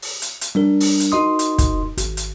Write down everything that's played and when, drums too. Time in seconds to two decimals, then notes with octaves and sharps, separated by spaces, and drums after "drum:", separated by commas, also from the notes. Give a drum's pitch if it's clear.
0.02 drum: open hi-hat
0.22 drum: hi-hat
0.41 drum: hi-hat
0.55 G3 D4 A#4
0.80 drum: open hi-hat
1.00 drum: hi-hat
1.12 D#4 F#4 A#4 D#5 C6 D#6
1.39 drum: hi-hat
1.58 drum: kick, hi-hat
1.98 G#1, drum: hi-hat
2.17 drum: hi-hat